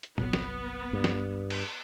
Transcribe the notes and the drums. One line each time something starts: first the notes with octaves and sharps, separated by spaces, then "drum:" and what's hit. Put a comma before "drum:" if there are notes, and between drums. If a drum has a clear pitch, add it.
drum: hi-hat
G1 C2 F#3 B3, drum: tom
drum: snare
G2
drum: snare
drum: cymbal